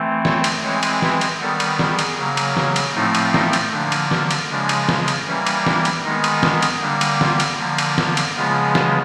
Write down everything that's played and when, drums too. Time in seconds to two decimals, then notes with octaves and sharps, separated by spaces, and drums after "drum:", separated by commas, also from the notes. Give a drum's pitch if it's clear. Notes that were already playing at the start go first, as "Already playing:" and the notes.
Already playing: E3 A3 C4
0.25 C#5, drum: snare
0.44 drum: cymbal
0.63 E3 G#3 C4 C#5
0.83 drum: cymbal
1.02 B4, drum: snare
1.21 drum: cymbal
1.40 D#3 G3 B3 A4
1.60 drum: cymbal
1.79 G#4, drum: snare
1.99 drum: cymbal
2.18 C#3 F#3 A#3
2.37 drum: cymbal
2.57 drum: snare
2.76 drum: cymbal
2.95 A2 F3 A3 C4 D#4
3.15 drum: cymbal
3.34 D#4, drum: snare
3.53 drum: cymbal
3.72 D3 F3 A#3 D4
3.92 drum: cymbal
4.11 drum: snare
4.31 drum: cymbal
4.50 C#3 F3 G#3 D4
4.69 drum: cymbal
4.89 drum: snare
5.08 drum: cymbal
5.27 E3 G3 A#3 C#4
5.47 drum: cymbal
5.66 D4, drum: snare
5.85 drum: cymbal
6.05 D#3 G#3 B3 D#4
6.24 drum: cymbal
6.43 D4, drum: snare
6.62 drum: cymbal
6.81 D3 G3 A#3 D4
7.01 drum: cymbal
7.21 F4, drum: snare
7.40 drum: cymbal
7.59 D3 F3 A#3
7.78 drum: cymbal
7.98 drum: snare
8.17 drum: cymbal
8.36 C#3 F3 G#3 B3 F4
8.75 drum: snare